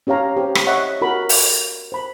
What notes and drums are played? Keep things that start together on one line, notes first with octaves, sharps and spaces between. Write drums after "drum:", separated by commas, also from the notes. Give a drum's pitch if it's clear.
C#4 G4 C#5 F5 A#5
G4 C5
drum: rim click
C#5 D#5 E5 F#5 C#6
F#4 A#4 B5
drum: open hi-hat
C5 B5